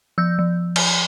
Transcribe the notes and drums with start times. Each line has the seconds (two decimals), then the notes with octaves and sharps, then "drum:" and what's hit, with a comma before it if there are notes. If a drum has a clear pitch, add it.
0.18 F3 E6 G6
0.39 F3
0.76 drum: cymbal